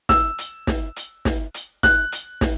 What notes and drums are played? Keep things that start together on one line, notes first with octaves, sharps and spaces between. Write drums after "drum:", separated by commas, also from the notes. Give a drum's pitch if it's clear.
E6, drum: snare
drum: hi-hat
drum: snare
drum: hi-hat
drum: snare
drum: hi-hat
F#6, drum: snare
drum: hi-hat
drum: snare